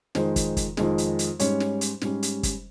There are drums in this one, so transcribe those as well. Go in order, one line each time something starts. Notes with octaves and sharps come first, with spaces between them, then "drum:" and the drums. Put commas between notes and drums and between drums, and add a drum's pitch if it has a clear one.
F2 D#3 G#3 C5, drum: snare
drum: kick, hi-hat
drum: kick, hi-hat
F2 D#3 G#3, drum: snare
drum: hi-hat
drum: hi-hat
G#2 G3 C#4 C#5, drum: hi-hat
drum: snare
drum: hi-hat
G#2 G3 C#4, drum: snare
drum: hi-hat
drum: kick, hi-hat